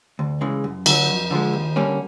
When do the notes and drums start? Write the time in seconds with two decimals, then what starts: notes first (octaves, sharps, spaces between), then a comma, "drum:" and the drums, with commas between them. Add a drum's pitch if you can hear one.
0.19 D2
0.41 C#3 E3 G#3
0.64 F#2
0.86 D3 F#3, drum: cymbal
1.08 F2
1.31 D3 F3 G#3
1.53 D#2
1.76 D3 G3 A#3 C#4